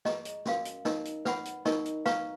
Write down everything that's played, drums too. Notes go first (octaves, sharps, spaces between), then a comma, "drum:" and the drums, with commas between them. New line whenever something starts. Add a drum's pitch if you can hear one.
G#4 D#5 A#5 C#6, drum: snare
drum: hi-hat
C#4 F#4 A#4 F5, drum: snare
drum: hi-hat
D#4 A#4 D#5 A#5, drum: snare
drum: hi-hat
B4 F#5 B5, drum: snare
drum: hi-hat
D#4 A#4 D#5 A#5 C#6, drum: snare
drum: hi-hat
B4 F5 A#5 C#6, drum: snare